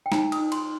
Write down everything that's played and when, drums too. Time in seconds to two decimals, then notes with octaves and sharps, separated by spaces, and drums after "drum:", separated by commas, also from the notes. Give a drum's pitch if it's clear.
0.06 G5
0.12 D#4 A#5, drum: snare
0.32 D#6, drum: cymbal
0.39 D#4
0.52 C6, drum: cymbal